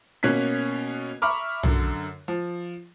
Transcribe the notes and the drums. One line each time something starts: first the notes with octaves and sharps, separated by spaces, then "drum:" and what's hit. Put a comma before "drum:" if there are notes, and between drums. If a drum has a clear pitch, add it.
B2 A#3 C#4 F#6 G#6 B6
E5 A#5 B5 C#6 D6 F6
F#2 D3, drum: tom B1
F3